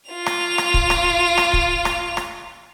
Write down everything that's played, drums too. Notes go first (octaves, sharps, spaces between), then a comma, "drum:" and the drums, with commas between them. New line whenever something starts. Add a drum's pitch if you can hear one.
F4 F7
drum: rim click
drum: rim click
drum: kick
drum: rim click
drum: rim click
drum: kick
drum: rim click
drum: rim click